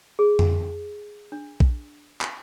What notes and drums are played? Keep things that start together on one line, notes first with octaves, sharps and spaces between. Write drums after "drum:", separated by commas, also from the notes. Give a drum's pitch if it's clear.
G#4
drum: tom F2
D4
drum: kick A#1
drum: clap